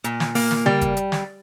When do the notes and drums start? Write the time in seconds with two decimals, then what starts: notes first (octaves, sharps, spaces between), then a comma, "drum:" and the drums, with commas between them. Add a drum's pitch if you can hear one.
0.04 A#2, drum: hi-hat
0.20 drum: snare
0.35 A#3, drum: open hi-hat
0.51 drum: snare
0.66 G3, drum: tom C#3
0.81 drum: kick F#1, hi-hat
0.97 drum: hi-hat
1.12 drum: snare